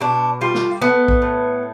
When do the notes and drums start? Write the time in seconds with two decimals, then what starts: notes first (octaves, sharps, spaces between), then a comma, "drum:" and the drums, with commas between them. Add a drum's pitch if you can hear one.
0.01 B2 D4
0.41 G3 F4
0.55 drum: snare
0.82 A3 B3
1.08 drum: kick A#1
1.22 A2